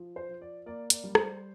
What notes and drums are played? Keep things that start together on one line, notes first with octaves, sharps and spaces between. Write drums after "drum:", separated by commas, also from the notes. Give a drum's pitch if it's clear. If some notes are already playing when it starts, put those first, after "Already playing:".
Already playing: F3
C5
F3
D5
A#3 D5
D5, drum: hi-hat
G3
C5, drum: rim click